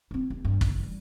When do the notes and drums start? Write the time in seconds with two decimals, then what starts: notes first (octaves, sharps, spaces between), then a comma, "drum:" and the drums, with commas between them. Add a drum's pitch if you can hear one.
0.11 C4 E4
0.30 D#2
0.45 G2
0.61 F#1, drum: kick
0.80 E3 G3